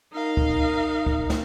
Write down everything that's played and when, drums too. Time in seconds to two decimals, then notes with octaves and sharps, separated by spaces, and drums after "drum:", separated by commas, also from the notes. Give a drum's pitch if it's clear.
0.14 D#4 A#4 F5
0.37 drum: kick C#2
1.07 drum: kick C#2
1.30 drum: snare